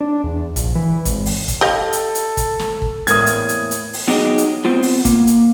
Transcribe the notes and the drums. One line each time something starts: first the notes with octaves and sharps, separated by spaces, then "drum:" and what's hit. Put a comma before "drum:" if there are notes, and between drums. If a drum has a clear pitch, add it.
D4
E2
A#1, drum: kick, hi-hat
E3
G#1, drum: kick, hi-hat
drum: open hi-hat
drum: kick, hi-hat
G4 A4 D#5 F5
drum: hi-hat
drum: hi-hat
drum: kick, hi-hat
drum: snare
drum: kick
E2 A2 A#3 D#6 G#6, drum: hi-hat
drum: hi-hat
drum: hi-hat
drum: hi-hat
drum: open hi-hat
F#3 B3 D#4 G4 G#4 D#5
drum: hi-hat
B3 C4 F4
drum: open hi-hat
A#3, drum: kick, hi-hat
drum: hi-hat